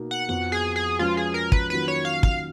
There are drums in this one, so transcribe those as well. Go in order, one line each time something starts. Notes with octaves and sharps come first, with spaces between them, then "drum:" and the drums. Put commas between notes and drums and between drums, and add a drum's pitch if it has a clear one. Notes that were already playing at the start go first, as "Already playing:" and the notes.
Already playing: B2 A#3 D#4 F#4
F#5
F2 F3 B3 F#4 F#5
G#4
G#4
F3 G#3 C#4 F4 F#4 B4
G#4
A#4
B4, drum: kick
D#3 F#3 A#3 C#4 F4 B4
C#5
F5
F5, drum: kick